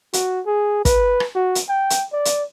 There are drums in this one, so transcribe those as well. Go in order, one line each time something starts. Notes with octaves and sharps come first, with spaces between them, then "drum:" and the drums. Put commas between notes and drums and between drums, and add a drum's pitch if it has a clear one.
F#4, drum: hi-hat
G#4
B4, drum: kick, hi-hat
drum: rim click
F#4
drum: hi-hat
G5
drum: hi-hat
D5
drum: hi-hat